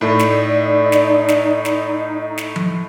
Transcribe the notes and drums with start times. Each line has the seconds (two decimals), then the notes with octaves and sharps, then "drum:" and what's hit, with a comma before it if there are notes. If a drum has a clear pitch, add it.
0.01 A2 A3 D#4 D5
0.19 drum: snare
0.92 drum: snare
1.28 drum: snare
1.65 drum: snare
2.38 drum: snare
2.56 drum: tom F3